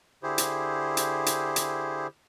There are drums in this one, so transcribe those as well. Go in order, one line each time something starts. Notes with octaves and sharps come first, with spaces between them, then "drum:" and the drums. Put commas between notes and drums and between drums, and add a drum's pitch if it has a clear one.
D3 E4 G4 G#4 C5
drum: hi-hat
drum: hi-hat
drum: hi-hat
drum: hi-hat